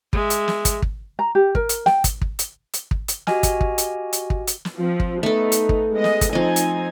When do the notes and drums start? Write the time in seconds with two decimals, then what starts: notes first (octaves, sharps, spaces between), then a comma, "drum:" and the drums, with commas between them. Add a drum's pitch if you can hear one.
0.13 G#3 E5, drum: kick
0.30 drum: hi-hat
0.48 drum: snare
0.65 drum: kick, hi-hat
0.82 drum: kick
1.19 A#5
1.35 G4
1.55 A#4, drum: kick
1.69 drum: hi-hat
1.86 G5, drum: snare
2.04 drum: kick, hi-hat
2.21 drum: kick
2.39 drum: hi-hat
2.74 drum: hi-hat
2.91 drum: kick
3.08 drum: hi-hat
3.27 F#4 G4 D#5 G#5 F6, drum: snare
3.43 drum: kick, hi-hat
3.61 drum: kick
3.78 drum: hi-hat
4.13 drum: hi-hat
4.30 drum: kick
4.48 drum: hi-hat
4.65 drum: snare
4.77 F3 C4
5.00 drum: kick
5.23 A3 B3 D#4 A4
5.52 drum: hi-hat
5.69 drum: kick
5.94 G#3 B3 D#5
6.04 drum: snare
6.21 drum: kick, hi-hat
6.33 F3 C4 D#4 D#5 G#5
6.56 drum: hi-hat